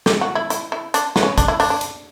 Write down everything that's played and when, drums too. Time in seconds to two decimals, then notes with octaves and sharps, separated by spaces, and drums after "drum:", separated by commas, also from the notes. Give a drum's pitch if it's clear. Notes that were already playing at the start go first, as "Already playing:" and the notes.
0.06 G4, drum: snare
0.21 F#4
0.35 E4
0.50 E4, drum: hi-hat
0.72 E4
0.94 D4, drum: hi-hat
1.16 B3, drum: snare
1.23 C#4
1.38 D4, drum: kick, hi-hat
1.48 E4
1.60 D4, drum: open hi-hat
1.70 D4
1.81 drum: hi-hat